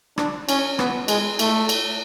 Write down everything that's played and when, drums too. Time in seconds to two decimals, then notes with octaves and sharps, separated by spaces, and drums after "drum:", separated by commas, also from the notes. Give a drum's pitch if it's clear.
0.18 D4, drum: rim click
0.49 C#4, drum: cymbal
0.79 B3, drum: rim click
1.08 G#3, drum: cymbal
1.39 A3, drum: cymbal
1.69 drum: cymbal